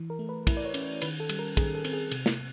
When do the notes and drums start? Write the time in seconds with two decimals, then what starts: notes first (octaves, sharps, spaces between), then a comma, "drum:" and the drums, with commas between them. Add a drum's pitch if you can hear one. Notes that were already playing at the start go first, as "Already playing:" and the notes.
Already playing: E3
0.10 A#4
0.19 A3
0.29 B4
0.47 E4, drum: kick, cymbal
0.57 D5
0.65 C#5
0.74 C#4, drum: cymbal
1.02 D#3 B4, drum: cymbal
1.20 A4
1.29 G3, drum: cymbal
1.39 A#4
1.57 D#3 G#4, drum: kick, cymbal
1.75 A4
1.85 C4, drum: cymbal
1.93 G#4
2.11 C3, drum: cymbal
2.26 drum: snare